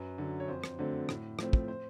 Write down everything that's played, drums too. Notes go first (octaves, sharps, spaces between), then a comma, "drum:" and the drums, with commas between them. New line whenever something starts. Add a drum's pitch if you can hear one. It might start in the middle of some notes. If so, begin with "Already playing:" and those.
Already playing: F#2 B4
D3 F#3
C#5
F2 C5
drum: rim click
D3 F#3 A3 C4
A2, drum: rim click
F3 A3 C4, drum: rim click
drum: kick
C5